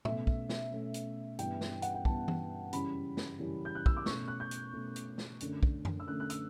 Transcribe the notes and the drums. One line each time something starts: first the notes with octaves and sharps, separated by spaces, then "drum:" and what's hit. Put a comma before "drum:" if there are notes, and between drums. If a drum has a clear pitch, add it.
B2 A3 C#4 E5, drum: tom
drum: kick
drum: snare
B2 A3 C#4
drum: hi-hat
G2 E3 B3 G5, drum: hi-hat
drum: snare
F#5, drum: hi-hat
G5
G2 E3 B3 A5, drum: kick
drum: tom
F#2 C#3 E3 G3 C#4 B5, drum: hi-hat
drum: snare
F#2 C#3 E3 G3 C#4
G6
F#6
E6, drum: kick
D6
B2 A3 C#4 C#6, drum: snare
F#6
G6
drum: hi-hat
B2 A3 C#4
drum: hi-hat
drum: snare
F#2 D3 A3, drum: hi-hat
drum: kick
drum: tom F#2
E6
F#2 D3 A3 F#6
F#6
E6, drum: hi-hat